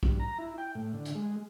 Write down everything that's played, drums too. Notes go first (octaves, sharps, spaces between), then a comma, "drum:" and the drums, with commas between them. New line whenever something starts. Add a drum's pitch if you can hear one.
G2, drum: kick
A#5
E4
G5
A2
D3
drum: hi-hat
G#3